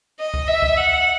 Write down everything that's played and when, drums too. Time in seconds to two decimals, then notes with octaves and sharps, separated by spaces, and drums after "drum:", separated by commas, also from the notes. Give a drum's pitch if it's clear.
0.19 D#5
0.34 drum: kick
0.47 E5
0.62 drum: kick
0.77 F#5